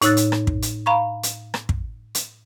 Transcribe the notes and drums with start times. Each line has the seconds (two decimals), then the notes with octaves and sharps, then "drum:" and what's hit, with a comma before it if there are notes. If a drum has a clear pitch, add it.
0.02 A2 D#4 C#5 E6 F#6 A6, drum: hi-hat
0.17 drum: hi-hat
0.32 drum: rim click
0.47 drum: kick
0.62 drum: hi-hat
0.86 F5 A#5 B5 C#6
1.23 drum: hi-hat
1.54 drum: rim click
1.69 drum: kick
2.15 drum: hi-hat